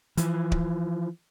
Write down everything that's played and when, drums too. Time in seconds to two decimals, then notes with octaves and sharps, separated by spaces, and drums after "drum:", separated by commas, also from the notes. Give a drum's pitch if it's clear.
0.17 E3 F3, drum: hi-hat
0.52 drum: kick D1